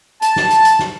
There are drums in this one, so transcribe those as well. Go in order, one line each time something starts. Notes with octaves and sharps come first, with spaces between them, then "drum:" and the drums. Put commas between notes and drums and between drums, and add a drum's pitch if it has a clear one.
A5, drum: hi-hat
drum: snare
drum: hi-hat
drum: hi-hat
drum: snare